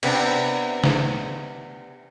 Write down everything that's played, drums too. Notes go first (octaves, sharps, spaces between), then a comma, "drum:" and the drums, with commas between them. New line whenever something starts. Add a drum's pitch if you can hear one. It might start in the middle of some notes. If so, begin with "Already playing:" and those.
C3 B3 C4 D4, drum: cymbal
drum: snare